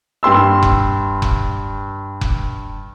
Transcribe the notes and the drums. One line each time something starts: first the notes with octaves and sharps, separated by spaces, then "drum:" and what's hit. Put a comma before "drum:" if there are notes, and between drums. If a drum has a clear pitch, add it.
G2 G4 C6 E6
drum: kick F1
drum: kick F1
drum: kick F1